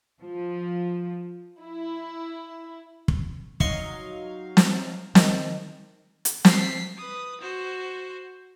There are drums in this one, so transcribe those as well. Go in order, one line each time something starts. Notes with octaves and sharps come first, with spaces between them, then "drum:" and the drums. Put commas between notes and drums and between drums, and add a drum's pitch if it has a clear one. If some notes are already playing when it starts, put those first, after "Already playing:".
F3
E4
drum: kick
F#3 D#4 D#5 F5 C6 C#6, drum: kick
drum: snare
D#3, drum: snare
drum: hi-hat
B6 C7, drum: snare
B4 D#6
F#4 C5